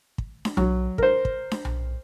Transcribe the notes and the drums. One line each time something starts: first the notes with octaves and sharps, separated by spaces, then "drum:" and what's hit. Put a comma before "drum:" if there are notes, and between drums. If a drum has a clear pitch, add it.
drum: kick
drum: snare D4
F#3, drum: tom B1
A#4 C5, drum: kick
drum: kick
drum: snare D4
drum: tom B1